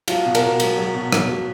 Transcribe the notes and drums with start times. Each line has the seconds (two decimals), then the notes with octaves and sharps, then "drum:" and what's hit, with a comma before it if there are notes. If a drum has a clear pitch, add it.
0.08 F#3 F4, drum: cymbal
0.25 B2
0.35 A#4, drum: cymbal
0.43 B2
0.60 F#3, drum: cymbal
0.78 F#3
0.94 B2
1.12 B2, drum: rim click
1.29 F#3